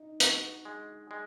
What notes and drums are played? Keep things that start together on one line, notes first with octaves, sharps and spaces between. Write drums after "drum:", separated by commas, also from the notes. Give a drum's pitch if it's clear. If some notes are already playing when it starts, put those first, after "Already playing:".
Already playing: D#4
F#4, drum: hi-hat
G#3
G#3